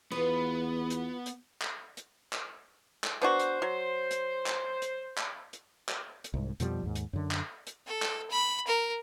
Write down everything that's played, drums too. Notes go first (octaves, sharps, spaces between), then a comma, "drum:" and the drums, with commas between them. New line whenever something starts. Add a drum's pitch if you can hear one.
E2 B3 F4 B4
drum: hi-hat
drum: hi-hat
drum: clap
drum: hi-hat
drum: clap
drum: clap
B3 D4 F#4 C5
drum: hi-hat
F#3
drum: hi-hat
drum: clap
drum: hi-hat
drum: clap
drum: hi-hat
drum: clap
drum: hi-hat
C2 G#2
F2 B2 F3 G3, drum: hi-hat
D#2 G#2
drum: hi-hat
F#2 D3
drum: clap
drum: hi-hat
A4
drum: clap
B5
A#4